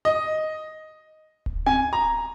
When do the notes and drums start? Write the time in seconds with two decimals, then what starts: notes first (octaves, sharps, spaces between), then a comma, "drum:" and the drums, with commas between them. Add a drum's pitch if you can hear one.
0.05 D#5
1.46 drum: kick D1
1.66 G#5, drum: tom C4
1.93 A#5